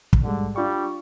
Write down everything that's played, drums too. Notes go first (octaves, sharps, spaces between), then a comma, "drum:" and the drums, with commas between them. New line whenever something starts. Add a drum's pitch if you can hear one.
drum: kick
G#2 D3 G3 G#3
G3 D4 F4 C#6